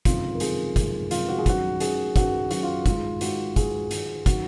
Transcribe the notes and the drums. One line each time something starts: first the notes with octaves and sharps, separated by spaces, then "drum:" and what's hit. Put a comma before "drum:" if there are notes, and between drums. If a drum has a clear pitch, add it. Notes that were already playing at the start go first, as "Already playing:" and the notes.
F#1 F2 C3 D#3 G#3 F4, drum: kick, hi-hat
A#4
F#1 F2 C3 D#3 G#3 G#4, drum: hi-hat
F#1 F2 C3 D#3 G#3, drum: kick, hi-hat
F#1 F2 C3 D#3 G#3 F4, drum: hi-hat
F#4
G#4
F#2 D#3 F#3 F#4, drum: kick, hi-hat
F#2 D#3 F#3 G#4, drum: hi-hat
F#2 D#3 F#3 F#4, drum: kick, hi-hat
F#2 D#3 F#3 F#4, drum: hi-hat
F4
G#2 D#3 G#3 F4, drum: kick, hi-hat
G#2 D#3 G#3 F#4, drum: hi-hat
G#2 D#3 G#3 G#4, drum: kick, hi-hat
G#2 D#3 G#3, drum: hi-hat
D#3 F#3 C#4 F#4, drum: kick, hi-hat